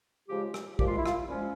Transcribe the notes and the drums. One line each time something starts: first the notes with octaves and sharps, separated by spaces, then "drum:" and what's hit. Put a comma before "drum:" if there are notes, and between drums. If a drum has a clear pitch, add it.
C#3 F3 G#3 G4
drum: rim click
A#2 F3 G#3 G4, drum: kick
F4
E4
F4, drum: rim click
A#2 F3 G#3 C#4